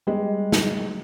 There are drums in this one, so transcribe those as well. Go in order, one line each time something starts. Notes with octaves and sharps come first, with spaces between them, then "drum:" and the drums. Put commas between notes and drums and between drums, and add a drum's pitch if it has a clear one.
G3 G#3
drum: snare